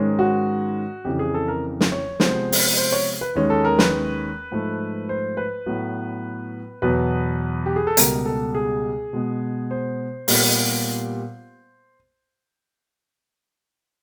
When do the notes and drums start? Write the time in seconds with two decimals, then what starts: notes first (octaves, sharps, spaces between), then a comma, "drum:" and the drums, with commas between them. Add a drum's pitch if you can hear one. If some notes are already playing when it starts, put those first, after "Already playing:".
Already playing: G#2 D#3 G#3 C#4
0.19 F#4
1.05 F2 C#3 E3 G4
1.19 G#4
1.34 A4
1.48 A#4
1.81 drum: snare
1.92 C#5
2.20 C3 F3 G#3 B3 C5, drum: snare
2.52 drum: open hi-hat
2.77 C5
2.92 C#5
3.21 B4
3.35 D#2 D#3 G#3 C#4
3.50 A4
3.65 A#4
3.79 B4, drum: snare
4.51 G#2 F3 A3
5.09 C5
5.37 B4
5.66 A2 F#3 B3
6.82 E2 B2 F#3 B3 B4
7.66 G4
7.76 G#4
7.87 A4
7.97 C#2 B2 G3 B3 A#4, drum: hi-hat
8.26 A4
8.55 G#4
9.13 B2 G#3 B3
9.71 C5
10.28 A#2 G3 B3, drum: open hi-hat